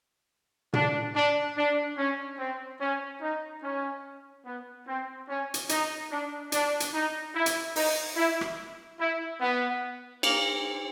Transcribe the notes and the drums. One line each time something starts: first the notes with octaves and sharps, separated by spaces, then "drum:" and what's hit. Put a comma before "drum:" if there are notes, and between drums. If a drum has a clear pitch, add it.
D4, drum: tom
D4
D4
C#4
C4
C#4
D#4
C#4
B3
C4
C#4
drum: hi-hat
D#4, drum: hi-hat
D4
D4, drum: hi-hat
drum: hi-hat
D#4
E4
drum: hi-hat
D#4, drum: open hi-hat
E4
drum: rim click
E4
B3
A#3, drum: cymbal